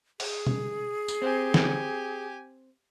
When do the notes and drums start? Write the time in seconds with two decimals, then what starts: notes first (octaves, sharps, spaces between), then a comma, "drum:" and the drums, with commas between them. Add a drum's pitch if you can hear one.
0.20 G#4, drum: open hi-hat
0.47 drum: tom
1.08 drum: tambourine
1.22 C4 G4 G#5
1.54 drum: snare